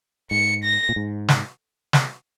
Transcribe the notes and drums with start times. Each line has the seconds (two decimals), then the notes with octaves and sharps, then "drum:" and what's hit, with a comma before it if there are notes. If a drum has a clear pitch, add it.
0.31 G#2 C#7
0.64 A#6
0.89 A#2
0.96 G#2
1.28 drum: snare
1.93 drum: snare